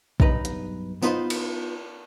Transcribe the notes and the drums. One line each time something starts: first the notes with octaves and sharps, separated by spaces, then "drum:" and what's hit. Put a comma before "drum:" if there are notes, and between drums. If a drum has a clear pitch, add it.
B1 G2 D#4 B4, drum: kick A#1
drum: hi-hat
B3 D#4 F4 B4 C5, drum: tambourine
drum: cymbal